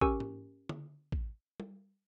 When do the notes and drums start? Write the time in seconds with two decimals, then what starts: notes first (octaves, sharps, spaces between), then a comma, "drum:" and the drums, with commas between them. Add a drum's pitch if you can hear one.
0.01 C#4 G4 A#4 G#5 C#6 E6, drum: kick
0.20 drum: tom G#2
0.69 drum: tom D3
1.12 drum: kick
1.60 drum: tom